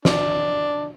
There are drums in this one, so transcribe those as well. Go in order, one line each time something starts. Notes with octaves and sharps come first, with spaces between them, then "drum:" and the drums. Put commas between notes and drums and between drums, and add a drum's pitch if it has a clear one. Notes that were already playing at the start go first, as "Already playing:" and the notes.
D4, drum: snare